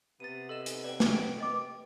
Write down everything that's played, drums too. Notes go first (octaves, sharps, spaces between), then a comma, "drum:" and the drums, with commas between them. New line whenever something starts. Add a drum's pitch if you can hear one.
C3 B3 A6 D#7
A4 D#5 E7
drum: hi-hat
B4 D5 G5
drum: snare
G5 D7
B4 D#5 D6
G5